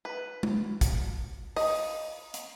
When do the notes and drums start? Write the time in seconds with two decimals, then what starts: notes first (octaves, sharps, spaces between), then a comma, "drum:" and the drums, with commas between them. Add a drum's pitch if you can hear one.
0.05 B4
0.43 drum: tom G#3
0.81 drum: kick, hi-hat
1.56 D#5, drum: open hi-hat
2.34 drum: hi-hat